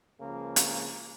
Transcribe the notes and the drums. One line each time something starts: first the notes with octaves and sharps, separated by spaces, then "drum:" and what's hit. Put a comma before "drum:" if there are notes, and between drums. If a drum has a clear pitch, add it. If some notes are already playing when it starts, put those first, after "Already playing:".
C#2 C#3 F3 A#3
drum: hi-hat